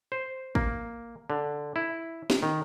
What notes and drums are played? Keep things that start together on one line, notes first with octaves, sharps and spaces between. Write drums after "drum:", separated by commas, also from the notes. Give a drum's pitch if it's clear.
C5
A#3, drum: kick
D3
E4
drum: snare
D#3